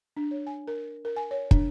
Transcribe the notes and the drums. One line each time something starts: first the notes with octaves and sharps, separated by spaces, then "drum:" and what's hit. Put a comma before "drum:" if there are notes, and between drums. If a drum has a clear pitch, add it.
D4
C#5
G#5
A#4
A#4
G#5
C#5
D4, drum: kick